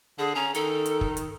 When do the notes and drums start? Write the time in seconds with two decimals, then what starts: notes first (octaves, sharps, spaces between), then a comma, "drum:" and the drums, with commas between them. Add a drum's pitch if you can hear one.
0.19 D3 G#4
0.35 C#4 A#5
0.55 D#3 A4, drum: hi-hat
0.86 drum: hi-hat
1.01 drum: kick
1.17 drum: hi-hat